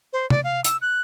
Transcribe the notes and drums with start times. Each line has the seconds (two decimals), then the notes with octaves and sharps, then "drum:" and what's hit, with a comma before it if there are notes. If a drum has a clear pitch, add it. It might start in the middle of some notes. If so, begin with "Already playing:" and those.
0.13 C5
0.30 D5, drum: tom C3
0.44 F5
0.64 E6, drum: hi-hat
0.82 F#6